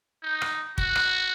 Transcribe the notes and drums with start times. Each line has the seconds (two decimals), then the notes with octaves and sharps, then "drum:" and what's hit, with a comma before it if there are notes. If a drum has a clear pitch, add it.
0.23 D#4
0.42 drum: rim click
0.78 F#4, drum: kick
0.96 drum: rim click